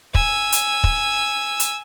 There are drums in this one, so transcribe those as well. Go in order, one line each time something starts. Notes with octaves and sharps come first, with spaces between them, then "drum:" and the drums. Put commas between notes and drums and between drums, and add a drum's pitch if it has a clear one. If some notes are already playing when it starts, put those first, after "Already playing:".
G#5 E6, drum: kick
drum: hi-hat
drum: kick
drum: hi-hat